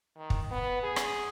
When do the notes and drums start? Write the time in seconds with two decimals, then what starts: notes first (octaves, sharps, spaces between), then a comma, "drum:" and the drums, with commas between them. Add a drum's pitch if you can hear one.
0.17 D#3
0.30 drum: kick
0.51 B3
0.83 G#4
0.96 drum: rim click